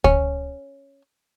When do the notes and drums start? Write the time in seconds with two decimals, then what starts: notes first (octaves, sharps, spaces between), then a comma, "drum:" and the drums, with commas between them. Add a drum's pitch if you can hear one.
0.04 C#4, drum: kick